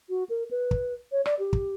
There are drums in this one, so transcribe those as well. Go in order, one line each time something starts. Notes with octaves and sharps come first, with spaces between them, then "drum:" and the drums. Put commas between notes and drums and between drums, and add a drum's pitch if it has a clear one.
F#4
A#4
B4
drum: kick
C#5
D5, drum: rim click
G4
drum: kick